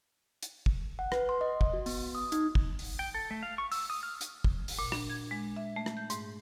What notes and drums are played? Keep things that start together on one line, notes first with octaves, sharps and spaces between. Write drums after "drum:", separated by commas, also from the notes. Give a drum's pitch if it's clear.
drum: hi-hat
drum: kick
F#5
B4, drum: rim click
C6
D#5
drum: kick
F#4
B3, drum: open hi-hat
D#6
D#4, drum: hi-hat
drum: kick
drum: open hi-hat
G5
A4
A3
F5
C#6
E6, drum: open hi-hat
D#6
F6
drum: hi-hat
drum: kick
drum: open hi-hat
A#2
D4, drum: rim click
G#6
G#3
E5
A3
drum: rim click
G6
G#2, drum: hi-hat